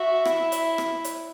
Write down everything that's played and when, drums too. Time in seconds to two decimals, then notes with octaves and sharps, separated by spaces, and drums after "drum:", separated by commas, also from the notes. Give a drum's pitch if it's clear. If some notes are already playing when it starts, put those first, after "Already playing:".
Already playing: F#4 E5
0.25 E4, drum: rim click
0.52 drum: hi-hat
0.78 drum: rim click
1.04 drum: hi-hat